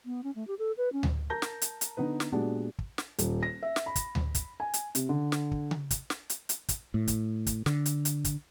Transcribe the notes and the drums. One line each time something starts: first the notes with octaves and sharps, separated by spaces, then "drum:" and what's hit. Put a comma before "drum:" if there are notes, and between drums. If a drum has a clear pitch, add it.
B3
C#4
A3
G4
A4
B4
C#4
drum: tom D2
A#4 A5 A#5 G6 A#6
drum: snare
drum: hi-hat
drum: hi-hat
D3 B3 D#4 B4
drum: snare
A#2 G#3 B3 D4 F#4 G4
drum: kick
drum: snare
D#1, drum: hi-hat
A#6
E5
drum: snare
B5
drum: kick, hi-hat
drum: tom D2
drum: kick, hi-hat
G#5
drum: hi-hat
C3, drum: hi-hat
D3
drum: snare
drum: kick
drum: tom C#3
drum: kick, hi-hat
drum: snare
drum: hi-hat
drum: hi-hat
drum: kick, hi-hat
A2
drum: kick, hi-hat
drum: kick, hi-hat
D3, drum: snare
drum: hi-hat
drum: hi-hat
drum: kick, hi-hat